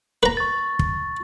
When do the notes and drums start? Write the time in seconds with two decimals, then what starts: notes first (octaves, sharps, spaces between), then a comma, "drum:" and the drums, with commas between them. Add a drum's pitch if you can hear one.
0.23 B4 A#5
0.37 C#6 A6
0.79 drum: kick